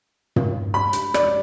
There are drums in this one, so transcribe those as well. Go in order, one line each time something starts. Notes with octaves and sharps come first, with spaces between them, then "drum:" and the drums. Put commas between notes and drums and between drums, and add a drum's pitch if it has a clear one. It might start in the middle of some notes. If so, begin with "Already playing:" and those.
drum: tom
B5
drum: hi-hat
D5, drum: rim click